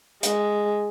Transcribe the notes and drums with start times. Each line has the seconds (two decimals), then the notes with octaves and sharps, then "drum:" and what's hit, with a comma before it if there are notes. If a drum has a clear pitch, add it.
0.23 G#3, drum: hi-hat